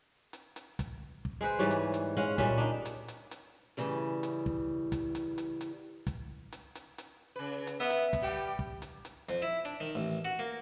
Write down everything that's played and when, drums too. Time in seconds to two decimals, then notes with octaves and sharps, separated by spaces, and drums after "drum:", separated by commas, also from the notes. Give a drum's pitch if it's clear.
0.33 drum: hi-hat
0.56 drum: hi-hat
0.79 drum: kick, hi-hat
1.25 drum: kick
1.41 G#3 G#4 B4 C5
1.59 G#2 E3 G3 C#5
1.71 drum: hi-hat
1.94 drum: hi-hat
2.17 G#3 C#4 F5 F#5
2.38 A#2 G3 C#4 E5, drum: kick, hi-hat
2.58 D4 D#4
2.85 drum: hi-hat
3.08 drum: hi-hat
3.31 drum: hi-hat
3.77 A2 C#3 E3 G3
4.23 drum: hi-hat
4.46 drum: kick
4.92 drum: kick, hi-hat
5.15 drum: hi-hat
5.38 drum: hi-hat
5.61 drum: hi-hat
6.07 drum: kick, hi-hat
6.52 drum: hi-hat
6.75 drum: hi-hat
6.98 drum: hi-hat
7.36 C#3 B4
7.67 drum: hi-hat
7.80 B3 E5
7.90 drum: hi-hat
8.13 drum: kick, hi-hat
8.23 G3 G4
8.59 drum: kick
8.82 drum: hi-hat
9.05 drum: hi-hat
9.29 F2, drum: hi-hat
9.42 E4
9.65 D4
9.81 D#3
9.95 A1
10.25 F#4
10.39 A#3